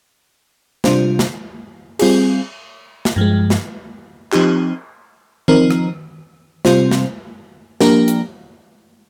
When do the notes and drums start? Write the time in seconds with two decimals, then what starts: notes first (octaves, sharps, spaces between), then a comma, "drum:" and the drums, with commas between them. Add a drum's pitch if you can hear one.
0.84 C3 G3 D4 F4 C5, drum: snare
1.19 drum: snare
1.99 G3 C4 F4 G#4, drum: cymbal
3.05 drum: snare
3.16 G2 F3 G#3
3.50 drum: snare
4.32 F3 C4 D#4 G4, drum: clap
5.48 F3 C4 D#4 A#4, drum: tom D#3
5.71 drum: rim click
6.65 C3 G3 C4 F4 C5, drum: snare
6.91 drum: snare
7.81 F3 A#3 D4 G4 A#4, drum: snare
8.08 drum: hi-hat